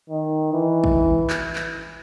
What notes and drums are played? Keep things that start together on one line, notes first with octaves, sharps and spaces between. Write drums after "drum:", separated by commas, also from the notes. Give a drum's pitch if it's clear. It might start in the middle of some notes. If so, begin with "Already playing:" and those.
D#3
E3
drum: kick
drum: clap
drum: clap